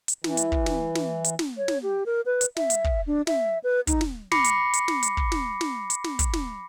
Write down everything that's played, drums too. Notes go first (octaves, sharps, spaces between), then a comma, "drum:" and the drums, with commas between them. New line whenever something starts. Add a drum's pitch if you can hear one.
drum: hi-hat
E3, drum: snare
drum: hi-hat
drum: kick
drum: snare
drum: snare
drum: hi-hat
drum: snare
C#5
drum: snare
G4
A#4
B4
drum: hi-hat
E5, drum: snare
drum: hi-hat
drum: kick
D4
E5, drum: snare
B4
D#4, drum: kick, hi-hat
drum: snare
B5 D6 A#6 C7 C#7, drum: snare
drum: hi-hat
drum: hi-hat
drum: snare
drum: hi-hat
drum: kick
drum: snare
drum: snare
drum: hi-hat
drum: snare
drum: kick, hi-hat
drum: snare